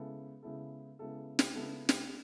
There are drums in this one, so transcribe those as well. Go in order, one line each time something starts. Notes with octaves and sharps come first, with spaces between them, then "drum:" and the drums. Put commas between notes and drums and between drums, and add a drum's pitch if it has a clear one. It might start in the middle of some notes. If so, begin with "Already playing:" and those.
Already playing: C#3 G#3 B3 E4 A4
C#3 G#3 B3 E4 A4
C#3 G#3 B3 E4 A4
drum: snare
C#3 G#3 B3 E4 A4
drum: snare